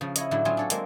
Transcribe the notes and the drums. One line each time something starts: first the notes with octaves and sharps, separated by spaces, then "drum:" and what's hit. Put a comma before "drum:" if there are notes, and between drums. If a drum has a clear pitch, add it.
C#3 F3
E4 C#5 D#5, drum: hi-hat
A2 D3 F#3 E4
F#3 C4 C#4 F4 G#4
D4 A4 C#5
G#3 A#3 C4, drum: hi-hat